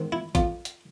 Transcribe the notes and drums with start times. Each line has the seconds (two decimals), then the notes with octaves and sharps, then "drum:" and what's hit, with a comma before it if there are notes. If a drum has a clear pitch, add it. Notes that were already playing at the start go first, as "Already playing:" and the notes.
Already playing: G#2 D#3 G#3 C4
0.12 E4
0.35 F2 F4, drum: kick A1, hi-hat
0.65 drum: hi-hat